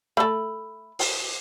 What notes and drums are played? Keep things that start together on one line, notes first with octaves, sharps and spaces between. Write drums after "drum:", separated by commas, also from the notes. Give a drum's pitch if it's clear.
A3 A4 B5 E6
drum: open hi-hat